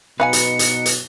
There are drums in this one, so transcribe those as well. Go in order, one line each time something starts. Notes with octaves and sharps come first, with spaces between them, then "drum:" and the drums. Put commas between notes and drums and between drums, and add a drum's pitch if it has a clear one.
B2 F#3 D#4 B4 F5 G#5 C#7
drum: hi-hat
drum: hi-hat
drum: hi-hat